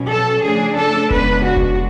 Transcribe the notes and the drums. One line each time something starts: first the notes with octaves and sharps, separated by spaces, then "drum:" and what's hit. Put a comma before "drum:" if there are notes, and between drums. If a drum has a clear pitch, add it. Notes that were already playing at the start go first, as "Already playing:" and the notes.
Already playing: B2 F#3 C#4
A4
C#3 F3 A3 D4 G#4
A4
C#3 G#3 B3 D4 B4, drum: kick F1
F#4
drum: kick F1